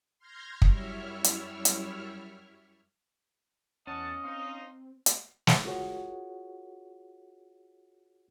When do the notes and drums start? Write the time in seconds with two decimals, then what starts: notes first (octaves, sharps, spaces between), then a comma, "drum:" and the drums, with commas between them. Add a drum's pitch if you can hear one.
0.19 C6 F6 G6 G#6 A#6
0.62 F#2 G3 E4 C#5 E5 F6, drum: kick
1.24 drum: hi-hat
1.65 drum: hi-hat
3.87 E2 C#4 D#5 F#5 A5
4.25 C4 D#4 F5 C6
5.06 drum: hi-hat
5.47 drum: snare
5.65 F4 F#4 G#4 A#4 C#5 F#5